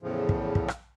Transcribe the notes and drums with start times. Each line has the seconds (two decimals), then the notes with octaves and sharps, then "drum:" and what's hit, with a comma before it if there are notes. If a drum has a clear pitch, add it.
0.03 E2 A2 C#3 F3
0.29 drum: kick
0.55 drum: kick
0.68 drum: rim click